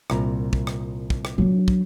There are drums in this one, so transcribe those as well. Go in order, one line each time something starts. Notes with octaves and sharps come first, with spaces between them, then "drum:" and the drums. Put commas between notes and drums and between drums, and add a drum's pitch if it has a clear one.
C2 A#2 A#5, drum: rim click
drum: kick
drum: rim click
drum: kick
drum: rim click
F#3 D4
drum: kick